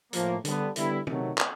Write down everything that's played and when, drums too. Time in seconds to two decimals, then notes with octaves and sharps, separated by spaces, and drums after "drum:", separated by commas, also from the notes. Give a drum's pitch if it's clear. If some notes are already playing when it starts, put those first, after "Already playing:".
0.13 A2 F3 A#3, drum: hi-hat
0.45 D3 G3 B3, drum: hi-hat
0.76 D3 G3 B3 E4, drum: hi-hat
1.07 C3 D#3 F#3 A3, drum: tom
1.38 drum: clap